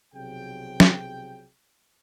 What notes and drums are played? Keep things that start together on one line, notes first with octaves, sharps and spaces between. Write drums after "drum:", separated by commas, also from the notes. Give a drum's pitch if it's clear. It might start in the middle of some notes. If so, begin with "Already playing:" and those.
B1 C3 F3 F#3 G#4 G5
drum: snare